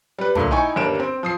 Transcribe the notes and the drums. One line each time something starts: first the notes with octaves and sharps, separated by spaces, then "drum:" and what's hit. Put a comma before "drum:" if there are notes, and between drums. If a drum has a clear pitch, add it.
G3 B4
D2 A#2 A3, drum: tom
D#4 E4 G5 G#5 C#6
G1 D#2 G3 A#3 D7 E7
C4
F3 D#6 C7